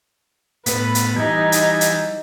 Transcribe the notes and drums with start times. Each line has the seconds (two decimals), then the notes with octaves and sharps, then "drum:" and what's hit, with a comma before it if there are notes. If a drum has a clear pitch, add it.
0.66 A2 B3 B4, drum: hi-hat
0.95 drum: hi-hat
1.16 E3 G3 D#4 G#5
1.52 drum: hi-hat
1.81 drum: hi-hat